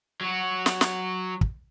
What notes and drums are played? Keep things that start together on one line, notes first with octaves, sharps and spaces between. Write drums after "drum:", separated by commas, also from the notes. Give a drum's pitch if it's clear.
F#3 F#4
drum: snare
drum: snare
drum: kick